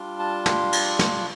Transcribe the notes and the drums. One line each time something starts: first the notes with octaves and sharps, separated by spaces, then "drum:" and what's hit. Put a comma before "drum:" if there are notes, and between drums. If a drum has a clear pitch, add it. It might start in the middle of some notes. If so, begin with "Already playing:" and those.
Already playing: G3 D4 F4
A5
C6, drum: snare
drum: cymbal
drum: snare